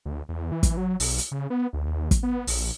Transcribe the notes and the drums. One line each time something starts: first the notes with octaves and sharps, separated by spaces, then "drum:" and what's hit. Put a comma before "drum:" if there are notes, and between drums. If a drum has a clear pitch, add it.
D2
E2
E3
drum: kick, hi-hat
F#3
B1, drum: open hi-hat
drum: hi-hat
C#3
B3
D2
D#2
drum: kick, hi-hat
B3
A#1, drum: open hi-hat